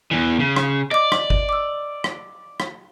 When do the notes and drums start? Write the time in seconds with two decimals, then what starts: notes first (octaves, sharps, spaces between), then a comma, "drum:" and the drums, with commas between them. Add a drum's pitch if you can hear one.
0.11 E2 E3
0.40 C#3
0.56 drum: rim click
0.91 D5 D#5 D6
1.12 drum: rim click
1.30 drum: kick G1
1.49 D6 E6
2.04 drum: rim click
2.60 drum: rim click